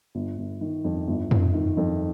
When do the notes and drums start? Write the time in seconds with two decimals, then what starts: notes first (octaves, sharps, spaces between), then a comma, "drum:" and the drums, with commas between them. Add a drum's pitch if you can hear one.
0.15 G1
0.38 G1
0.61 D#3
0.85 F2
1.07 G1
1.31 G1, drum: tom
1.53 D#3
1.77 F2